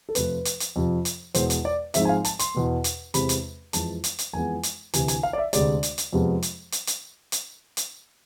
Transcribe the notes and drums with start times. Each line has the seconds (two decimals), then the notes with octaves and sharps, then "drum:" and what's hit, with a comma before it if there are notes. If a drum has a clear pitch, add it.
0.09 A4
0.15 F2 C3 F3 A3 B4, drum: hi-hat
0.45 drum: hi-hat
0.60 drum: hi-hat
0.76 F2 C3 F3
1.05 drum: hi-hat
1.34 E2 B2 G#3 C5, drum: hi-hat
1.50 drum: hi-hat
1.65 D5
1.94 G#2 F3 G#3 C4 E5, drum: hi-hat
2.05 G#5
2.09 F5
2.25 A5, drum: hi-hat
2.39 C6, drum: hi-hat
2.54 E2 B2 B3
2.84 drum: hi-hat
3.14 E2 C3 G#3 C4 B5, drum: hi-hat
3.29 drum: hi-hat
3.73 F2 E3 G#3 A5, drum: hi-hat
4.04 drum: hi-hat
4.19 drum: hi-hat
4.33 F2 E3 G#3 B3 G#5
4.63 drum: hi-hat
4.94 D2 C3 E3 G#5, drum: hi-hat
5.08 G#5, drum: hi-hat
5.23 F5
5.33 D5
5.38 E5
5.53 D2 C3 G#3 D5, drum: hi-hat
5.83 drum: hi-hat
5.98 drum: hi-hat
6.13 F2 C3 F3 G#3 B3
6.42 drum: hi-hat
6.72 drum: hi-hat
6.87 drum: hi-hat
7.32 drum: hi-hat
7.77 drum: hi-hat